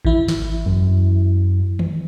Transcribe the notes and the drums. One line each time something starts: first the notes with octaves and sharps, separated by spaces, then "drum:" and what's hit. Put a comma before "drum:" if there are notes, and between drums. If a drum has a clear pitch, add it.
E3 E4, drum: kick G#1
drum: snare
F#2
drum: tom D#3